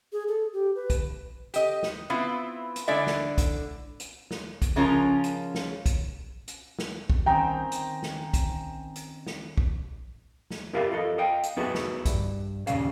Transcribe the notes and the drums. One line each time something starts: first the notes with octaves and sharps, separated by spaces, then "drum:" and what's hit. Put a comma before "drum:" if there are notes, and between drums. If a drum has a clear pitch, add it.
G#4
A4
G4
B4
drum: kick, hi-hat
G4 D#5, drum: hi-hat
drum: snare
B3 C4 E4 F4 B4
drum: hi-hat
D3 G#3 E4 D5 E5
drum: snare
drum: kick, hi-hat
drum: hi-hat
drum: snare
drum: kick, hi-hat
C#3 F3 G#3 C#4 F4 A#4
drum: hi-hat
drum: snare
drum: kick, hi-hat
drum: hi-hat
drum: snare
drum: kick
D#3 C4 C#4 G5 G#5 A#5
drum: hi-hat
drum: snare
drum: kick, hi-hat
drum: hi-hat
drum: snare
drum: kick
drum: snare
E4 G4 A#4 E5 F5
F4 A4 D#5
D#5 F5 G5
drum: hi-hat
B3 D#4 E4 F#4 G#4 B4
drum: snare
G2, drum: kick, hi-hat
D#2 A#2 C#3 F5, drum: hi-hat